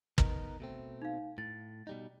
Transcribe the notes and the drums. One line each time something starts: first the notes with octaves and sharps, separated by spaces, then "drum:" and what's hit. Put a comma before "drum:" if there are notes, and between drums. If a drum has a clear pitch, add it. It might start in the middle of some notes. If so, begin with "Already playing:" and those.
B3 D#4 A#4, drum: kick
B2 A3 C4
D#4 F5
A2 A6
B2 G3 D#4